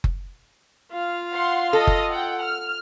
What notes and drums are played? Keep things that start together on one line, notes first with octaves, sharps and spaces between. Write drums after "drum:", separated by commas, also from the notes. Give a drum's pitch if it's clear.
drum: kick F#1
F4 F5
F#5 C6
A4 D#5
drum: kick F#1
F#5 G5
F6